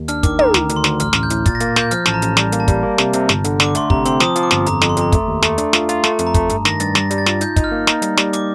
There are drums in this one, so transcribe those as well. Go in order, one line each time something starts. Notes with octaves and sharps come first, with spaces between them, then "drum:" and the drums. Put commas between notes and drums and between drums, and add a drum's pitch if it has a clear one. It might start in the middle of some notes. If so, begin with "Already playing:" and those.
Already playing: D#2
D4 F6, drum: hi-hat
D#3 D6, drum: kick, hi-hat
D#3 A#5, drum: tom
D2, drum: snare
D2, drum: hi-hat
C6
D2, drum: snare
A1 F6, drum: hi-hat
A1 F6, drum: snare
G6
A2, drum: hi-hat
A#2 A6, drum: kick, hi-hat
A#6
A#3 A6, drum: hi-hat
A#3 G6, drum: snare
F3 F6, drum: hi-hat
A1 A5, drum: snare
A#5
A1, drum: hi-hat
G3, drum: snare
A#3, drum: hi-hat
A5
G3, drum: kick, hi-hat
A#3
C3, drum: snare
C3, drum: hi-hat
G1, drum: snare
D3, drum: hi-hat
D3 D6, drum: snare
A3 C6, drum: hi-hat
C3 A#5, drum: kick
C4 C6, drum: hi-hat
F3 D#6, drum: snare
F3, drum: hi-hat
D6
G1, drum: snare
F2 A#5, drum: hi-hat
F2, drum: snare
C6
F2 A#5, drum: hi-hat
A3, drum: kick, hi-hat
D#2
A3, drum: snare
D4, drum: hi-hat
F4, drum: snare
F4, drum: hi-hat
A3 A5, drum: snare
F2, drum: hi-hat
A#5
A3, drum: kick, hi-hat
G2, drum: hi-hat
D#3 A#6, drum: snare
G2 A6, drum: hi-hat
G3 A#6, drum: snare
G3, drum: hi-hat
A6
F4, drum: snare
D#4 G6, drum: hi-hat
D#4, drum: kick, hi-hat
F6
A#3
D#4, drum: snare
G3, drum: hi-hat
G3, drum: snare
D6, drum: hi-hat